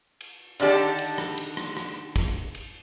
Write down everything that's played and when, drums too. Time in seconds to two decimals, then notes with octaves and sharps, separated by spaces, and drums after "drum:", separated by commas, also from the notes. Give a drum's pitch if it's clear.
0.21 drum: cymbal
0.60 D3 D#3 D4 G4 A4, drum: cymbal
0.99 drum: cymbal
1.18 drum: rim click
1.38 drum: cymbal
1.57 drum: rim click
1.77 drum: rim click
2.16 drum: kick, cymbal
2.55 drum: cymbal